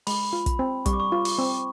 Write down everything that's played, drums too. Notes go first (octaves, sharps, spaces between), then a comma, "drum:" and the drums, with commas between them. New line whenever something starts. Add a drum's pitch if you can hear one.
G#3 B5, drum: open hi-hat
F4
drum: kick, hi-hat
C4
G3 C#6, drum: kick, hi-hat
D6
C#6
F4
drum: open hi-hat
C4